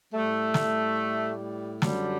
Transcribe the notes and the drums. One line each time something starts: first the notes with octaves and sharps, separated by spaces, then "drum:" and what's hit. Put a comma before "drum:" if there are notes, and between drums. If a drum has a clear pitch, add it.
A2 G3 A3
drum: snare
F#2 D3 F#3 G3, drum: snare